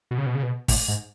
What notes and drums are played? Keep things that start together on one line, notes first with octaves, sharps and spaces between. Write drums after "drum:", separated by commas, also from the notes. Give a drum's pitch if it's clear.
B2
C#3
B2
C#3
B2
A2, drum: kick, open hi-hat
G#2